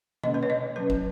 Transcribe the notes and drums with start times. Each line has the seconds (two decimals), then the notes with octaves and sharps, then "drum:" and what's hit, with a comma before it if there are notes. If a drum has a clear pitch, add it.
0.23 D#3 A#3 C#4 D#5, drum: tom B2
0.34 B4
0.43 C#5
0.50 D#5
0.76 F#3 C#4 B4
0.90 drum: kick